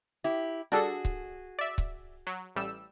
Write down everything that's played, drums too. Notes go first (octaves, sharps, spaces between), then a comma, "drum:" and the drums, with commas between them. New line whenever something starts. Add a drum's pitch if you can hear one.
E4 G4
G3 D4 F#4 G#4 A4
drum: kick C#1
D5 E5
drum: kick C#1
F#3
A1 G3 E6